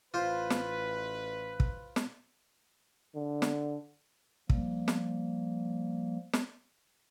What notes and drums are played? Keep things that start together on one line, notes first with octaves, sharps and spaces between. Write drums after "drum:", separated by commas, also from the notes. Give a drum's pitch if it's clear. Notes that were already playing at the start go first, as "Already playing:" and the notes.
A1 F4 B4 C5
drum: snare
drum: kick
drum: snare
D3
drum: snare
F3 G3 A#3, drum: kick
drum: snare
drum: snare